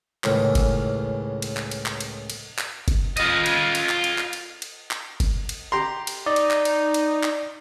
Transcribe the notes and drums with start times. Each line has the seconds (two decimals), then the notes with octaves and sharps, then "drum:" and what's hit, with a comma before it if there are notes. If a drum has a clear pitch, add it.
0.24 C#2 A2 D#3 E3, drum: clap
0.55 drum: kick G1, cymbal
1.42 drum: cymbal
1.57 drum: clap
1.71 drum: cymbal
1.86 drum: clap
2.00 drum: cymbal
2.30 drum: cymbal
2.59 drum: clap
2.88 drum: kick G1, cymbal
3.17 F4 D#5, drum: cymbal
3.46 drum: cymbal
3.75 drum: cymbal
3.89 drum: clap
4.04 drum: cymbal
4.18 drum: clap
4.33 drum: cymbal
4.62 drum: cymbal
4.91 drum: clap
5.20 drum: kick G1, cymbal
5.49 drum: cymbal
5.72 G4 A#5 C6
6.07 drum: cymbal
6.26 D#4 D5
6.36 drum: cymbal
6.51 drum: clap
6.65 drum: cymbal
6.94 drum: cymbal
7.23 drum: clap